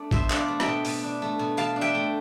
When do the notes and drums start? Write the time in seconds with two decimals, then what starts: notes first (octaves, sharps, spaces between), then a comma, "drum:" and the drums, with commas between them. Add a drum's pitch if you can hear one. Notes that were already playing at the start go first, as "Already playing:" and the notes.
Already playing: A3 D4 D5
0.11 B2 C5 E5, drum: kick A1
0.30 D4, drum: clap
0.36 D5 F5
0.48 A3
0.60 E5 G5, drum: rim click
0.66 B2
0.85 B2, drum: open hi-hat
1.03 D4
1.22 A3
1.39 B2
1.57 B2 F5 A5
1.76 D4
1.81 E5 G5
1.95 A3